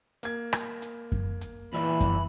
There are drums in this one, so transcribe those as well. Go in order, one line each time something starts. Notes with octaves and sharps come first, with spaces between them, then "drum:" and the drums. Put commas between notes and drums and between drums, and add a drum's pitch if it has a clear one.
A#3 G#6, drum: hi-hat
drum: rim click
drum: hi-hat
drum: kick F#2
drum: hi-hat
E2 A#2 E3 E5 B5
drum: kick F#2, hi-hat